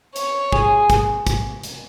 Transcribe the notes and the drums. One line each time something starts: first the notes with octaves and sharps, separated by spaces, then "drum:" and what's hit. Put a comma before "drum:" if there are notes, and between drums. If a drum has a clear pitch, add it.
C#5, drum: hi-hat
G#4, drum: kick
drum: kick, hi-hat
drum: kick, hi-hat
drum: hi-hat